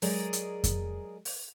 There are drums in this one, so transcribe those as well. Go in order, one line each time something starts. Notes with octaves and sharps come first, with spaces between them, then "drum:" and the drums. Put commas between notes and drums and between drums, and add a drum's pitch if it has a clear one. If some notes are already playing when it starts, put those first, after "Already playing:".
F#3 G#3 G#4 A#4 D5 D#5, drum: open hi-hat
drum: hi-hat
drum: kick F2, hi-hat
drum: open hi-hat